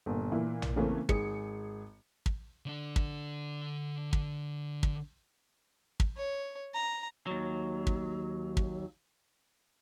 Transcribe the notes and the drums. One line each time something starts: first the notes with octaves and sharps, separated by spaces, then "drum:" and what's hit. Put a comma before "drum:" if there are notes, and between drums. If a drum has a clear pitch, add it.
G1 A#2
A#2 E3 E4
drum: tom A#1
C#3 E3 A3 A#3 C4 C#4
G#1 G#4 C#7, drum: kick
drum: kick
D3 D4
drum: kick
drum: kick
drum: kick
drum: kick
C#5
A#5
D#2 F#3
drum: kick
drum: kick